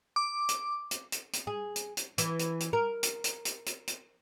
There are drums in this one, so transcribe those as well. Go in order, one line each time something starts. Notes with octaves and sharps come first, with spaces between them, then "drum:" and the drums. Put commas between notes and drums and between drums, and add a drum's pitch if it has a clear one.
D6
drum: hi-hat
drum: hi-hat
drum: hi-hat
drum: hi-hat
G#4
drum: hi-hat
drum: hi-hat
E3, drum: hi-hat
drum: hi-hat
drum: hi-hat
A#4
drum: hi-hat
drum: hi-hat
drum: hi-hat
drum: hi-hat
drum: hi-hat